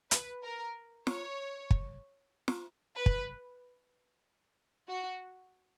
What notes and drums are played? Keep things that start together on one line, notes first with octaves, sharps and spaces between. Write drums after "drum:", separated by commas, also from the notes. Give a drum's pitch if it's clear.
B4, drum: hi-hat
A#4
C#5, drum: snare
drum: kick
drum: snare
B4
drum: kick
F#4